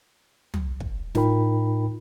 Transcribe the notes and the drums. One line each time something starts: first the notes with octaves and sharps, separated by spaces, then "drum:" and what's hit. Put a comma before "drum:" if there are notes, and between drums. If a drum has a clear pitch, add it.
drum: tom
drum: kick
A2 D#4 F4 A#4 G5 B5, drum: snare